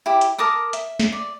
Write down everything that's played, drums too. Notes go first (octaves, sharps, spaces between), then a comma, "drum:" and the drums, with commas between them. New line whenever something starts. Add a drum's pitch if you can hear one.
E4 G4
drum: hi-hat
A#4 A5 D6 D#6
E5, drum: hi-hat
drum: snare
D5